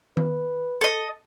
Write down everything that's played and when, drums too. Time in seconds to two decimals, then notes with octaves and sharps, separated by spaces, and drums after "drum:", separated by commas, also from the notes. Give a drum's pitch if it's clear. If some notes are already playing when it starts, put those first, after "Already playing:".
0.17 B4, drum: tom D#3
0.81 A4 D#5